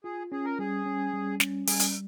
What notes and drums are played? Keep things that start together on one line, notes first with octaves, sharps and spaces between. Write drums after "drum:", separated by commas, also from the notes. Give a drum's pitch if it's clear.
F4 G#4
C#4 G#4
A#4
G3 G#4
C#4
G3
C#4, drum: snare
G3 G#4, drum: open hi-hat
drum: hi-hat